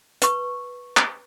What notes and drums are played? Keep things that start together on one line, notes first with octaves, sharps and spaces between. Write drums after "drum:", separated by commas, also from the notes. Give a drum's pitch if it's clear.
B4 C#6, drum: hi-hat
drum: clap